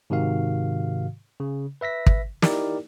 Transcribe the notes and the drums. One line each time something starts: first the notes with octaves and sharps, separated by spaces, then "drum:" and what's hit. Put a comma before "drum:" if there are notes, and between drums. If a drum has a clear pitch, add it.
G#2 C3 D#3 F#4 F5
C#3
B4 E5 A#6 B6
drum: kick
D#4 E4 G4 A#4 D5, drum: snare